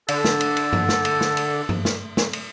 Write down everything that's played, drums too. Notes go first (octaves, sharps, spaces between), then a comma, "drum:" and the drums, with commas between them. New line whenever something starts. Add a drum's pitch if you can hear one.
D3 A4, drum: cymbal
drum: snare
drum: cymbal
drum: cymbal
drum: tom G2
drum: snare
drum: cymbal
drum: snare
drum: cymbal
drum: tom G2
drum: snare
drum: snare
drum: cymbal